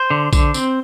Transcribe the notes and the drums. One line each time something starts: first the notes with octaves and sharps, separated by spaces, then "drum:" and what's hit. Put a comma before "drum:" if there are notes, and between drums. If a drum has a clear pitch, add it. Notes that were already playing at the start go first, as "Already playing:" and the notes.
Already playing: C5
D3
D3, drum: kick A#1, tambourine
C4, drum: tambourine